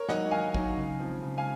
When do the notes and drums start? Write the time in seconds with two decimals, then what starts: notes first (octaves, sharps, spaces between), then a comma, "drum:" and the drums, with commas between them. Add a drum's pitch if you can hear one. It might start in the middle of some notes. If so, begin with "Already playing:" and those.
Already playing: A#4 C#5
0.09 F#3 A#3 D#4 D#5 F#5, drum: snare
0.31 D#3 F5 G#5
0.54 F#3 A#3 D#4, drum: kick
0.76 C#3
1.00 F3 C4
1.22 C#3
1.38 F5 G#5